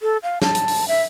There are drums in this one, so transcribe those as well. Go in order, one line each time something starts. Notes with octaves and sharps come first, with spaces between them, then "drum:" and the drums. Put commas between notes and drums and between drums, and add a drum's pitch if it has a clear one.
A4
F5
A5, drum: snare
drum: hi-hat
drum: open hi-hat
E5